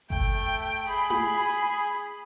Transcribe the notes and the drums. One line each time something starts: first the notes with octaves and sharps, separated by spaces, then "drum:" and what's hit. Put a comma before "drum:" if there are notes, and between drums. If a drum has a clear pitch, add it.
A3 G5, drum: kick G1
G#4 B5
drum: tom E4